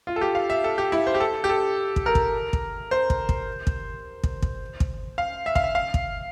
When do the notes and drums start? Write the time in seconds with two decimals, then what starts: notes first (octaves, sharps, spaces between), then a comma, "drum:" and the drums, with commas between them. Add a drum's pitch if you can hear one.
0.07 F4
0.16 A4
0.21 G4
0.35 F5
0.50 E5
0.64 A4
0.78 G4
0.92 E4
1.07 C5
1.15 G4
1.20 A4
1.44 G4
1.49 A4
1.96 drum: kick
2.06 A#4
2.15 drum: kick
2.53 drum: kick
2.91 C5
3.10 drum: kick
3.29 drum: kick
3.67 drum: kick
4.24 drum: kick
4.42 drum: kick
4.80 drum: kick
5.18 F5
5.46 E5
5.55 F5, drum: kick
5.64 E5
5.75 F5
5.94 drum: kick